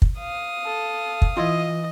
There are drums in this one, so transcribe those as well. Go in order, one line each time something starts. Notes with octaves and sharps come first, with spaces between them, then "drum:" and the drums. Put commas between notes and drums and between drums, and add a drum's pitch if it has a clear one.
drum: kick
F5 D#6
A4
drum: kick
E3 E4 F4 D#5